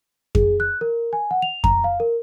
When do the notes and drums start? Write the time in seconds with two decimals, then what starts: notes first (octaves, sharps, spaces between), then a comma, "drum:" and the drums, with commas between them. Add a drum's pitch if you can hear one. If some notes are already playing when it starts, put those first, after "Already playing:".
0.35 G#4, drum: kick F2
0.60 F#6
0.81 A#4
1.13 G#5
1.31 F#5
1.42 F7
1.64 A#5, drum: kick F2
1.84 F5
2.00 A#4